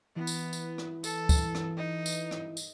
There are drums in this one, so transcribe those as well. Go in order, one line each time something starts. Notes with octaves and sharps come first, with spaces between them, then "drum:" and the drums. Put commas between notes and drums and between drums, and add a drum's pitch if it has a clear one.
E3 B3
drum: tambourine
drum: tambourine
drum: rim click
A4, drum: tambourine
drum: kick, tambourine
drum: rim click
D#4
drum: tambourine
drum: rim click
drum: tambourine